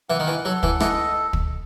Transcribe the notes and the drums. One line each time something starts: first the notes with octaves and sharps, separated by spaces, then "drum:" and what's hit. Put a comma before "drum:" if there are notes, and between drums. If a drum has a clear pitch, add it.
E3 F#5
D#3
E3
F#3 A4
E3, drum: kick
E3 D#5, drum: rim click
drum: kick